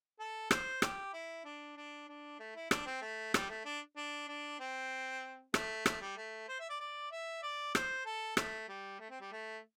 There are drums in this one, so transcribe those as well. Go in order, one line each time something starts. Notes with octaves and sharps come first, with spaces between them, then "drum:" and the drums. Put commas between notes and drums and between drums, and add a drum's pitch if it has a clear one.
A4
C5, drum: rim click
G4, drum: rim click
E4
D4
D4
D4
A3
E4
D4, drum: rim click
C4
A3
G3, drum: rim click
A3
D4
D4
D4
C4
A3, drum: rim click
A3, drum: rim click
G3
A3
C5
E5
D5
D5
E5
D5
C5, drum: rim click
A4
A3, drum: rim click
G3
A3
C4
G3
A3